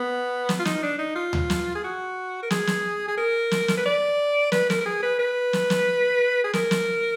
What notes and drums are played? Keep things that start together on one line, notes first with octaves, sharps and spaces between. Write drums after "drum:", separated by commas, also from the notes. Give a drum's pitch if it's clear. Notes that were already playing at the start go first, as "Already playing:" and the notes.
Already playing: B3
drum: snare
F4
D#4, drum: snare
D4
D#4
F4
drum: tom D2
drum: snare
G#4
F#4
A#4
G#4, drum: snare
drum: snare
G#4
A#4
drum: snare
drum: snare
B4
D5
B4, drum: snare
A#4, drum: snare
A#4
G#4
B4
B4
drum: snare
drum: snare
G#4
A#4, drum: snare
drum: snare